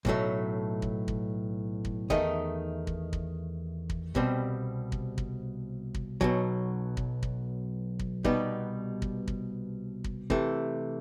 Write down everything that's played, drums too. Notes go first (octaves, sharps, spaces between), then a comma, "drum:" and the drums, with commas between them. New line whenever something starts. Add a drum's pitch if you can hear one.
B1 A2 F#3 A3, drum: kick
drum: kick
drum: kick
drum: kick
E2 D#3 A3 D#4, drum: kick
drum: kick
drum: kick
drum: kick
C2 B2 G3 C4, drum: kick
drum: kick
drum: kick
drum: kick
B1 B2 F#3, drum: kick
drum: kick
drum: kick
drum: kick
C2 B2 G3 B3 D#4, drum: kick
drum: kick
drum: kick
drum: kick
C3 E3 A3, drum: kick